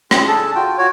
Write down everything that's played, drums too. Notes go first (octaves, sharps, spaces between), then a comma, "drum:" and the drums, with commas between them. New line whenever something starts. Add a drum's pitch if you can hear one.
C4 C#4 G#4, drum: rim click
D4 G#4 A4 A5
F4 F#4 G5
F#4 C#5